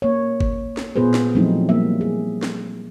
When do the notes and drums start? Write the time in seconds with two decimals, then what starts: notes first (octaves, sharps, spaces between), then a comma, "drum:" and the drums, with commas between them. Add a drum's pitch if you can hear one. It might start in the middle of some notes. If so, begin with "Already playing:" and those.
0.02 A#3 C#5
0.40 drum: kick G#1
0.77 drum: snare
0.96 A#2 B3 F4 G#4 B4 C5
1.14 drum: snare
1.35 F3 F#3 A3 C4 D#4 E4
1.69 G3 A#3 E5
2.01 G#4
2.43 drum: snare